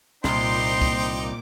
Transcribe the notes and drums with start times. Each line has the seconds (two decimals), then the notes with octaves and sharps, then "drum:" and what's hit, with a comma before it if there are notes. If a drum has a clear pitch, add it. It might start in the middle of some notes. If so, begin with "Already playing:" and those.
0.24 C2 A#2 D#4 C5 G5 C6 D6, drum: snare
0.82 drum: kick